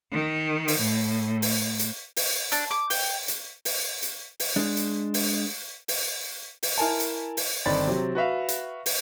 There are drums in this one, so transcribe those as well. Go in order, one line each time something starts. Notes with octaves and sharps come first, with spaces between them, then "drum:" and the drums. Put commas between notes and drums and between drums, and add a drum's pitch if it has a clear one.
D#3
drum: open hi-hat
A2
drum: open hi-hat
drum: hi-hat
drum: open hi-hat
D4, drum: hi-hat
D6
G5, drum: open hi-hat
drum: hi-hat
drum: open hi-hat
drum: hi-hat
drum: open hi-hat
G#3 D4
drum: hi-hat
drum: open hi-hat
drum: open hi-hat
drum: open hi-hat
E4 A#4 G#5 A5
drum: hi-hat
drum: open hi-hat
G1 D#3 C4 D4 B5 A6
C3 F#3 C4
F#4 B4 E5 F5
drum: hi-hat
drum: open hi-hat